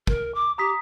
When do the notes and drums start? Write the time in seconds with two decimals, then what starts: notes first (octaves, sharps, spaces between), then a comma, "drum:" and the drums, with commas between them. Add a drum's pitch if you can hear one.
0.07 A#4, drum: kick
0.35 D6
0.58 G4 A#5 D#6 B6